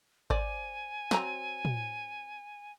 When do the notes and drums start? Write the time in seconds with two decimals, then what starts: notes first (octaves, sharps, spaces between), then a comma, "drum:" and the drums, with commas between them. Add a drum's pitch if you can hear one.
0.30 C5 D5 G#5, drum: kick G#1
1.11 F#3 C4 A#5, drum: snare
1.65 drum: tom